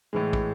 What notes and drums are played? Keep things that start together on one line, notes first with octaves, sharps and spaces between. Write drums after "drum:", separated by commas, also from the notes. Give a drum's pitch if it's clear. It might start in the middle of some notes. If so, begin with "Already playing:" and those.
A2 E3 G#3
drum: kick